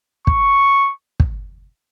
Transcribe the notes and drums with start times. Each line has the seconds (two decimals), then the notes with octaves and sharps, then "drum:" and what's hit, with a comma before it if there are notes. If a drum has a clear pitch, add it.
0.27 C#6, drum: kick
1.20 drum: kick